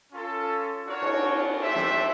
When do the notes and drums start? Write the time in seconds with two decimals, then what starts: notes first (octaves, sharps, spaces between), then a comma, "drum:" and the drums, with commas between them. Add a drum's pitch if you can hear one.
0.12 C#4 F4 A4
0.86 D4 F#4 A#4 C#5
1.02 drum: cymbal
1.61 A3 D4 G4 C5 E5
1.75 drum: snare